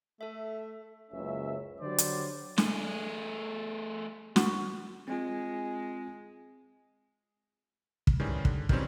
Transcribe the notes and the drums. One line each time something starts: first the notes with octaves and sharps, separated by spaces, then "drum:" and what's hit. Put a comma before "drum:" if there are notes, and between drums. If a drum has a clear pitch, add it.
A3 A4 E5
F#1 C#2 C#4 E5
D3 F#3 G3 C5 D5
drum: hi-hat
A3 G#4, drum: snare
F#4, drum: snare
G#3 C4 F4
drum: kick
D#3 E3 G3 G#3 C#4
D3, drum: kick
D#3 E3 F#3 G3 C4 C#4, drum: kick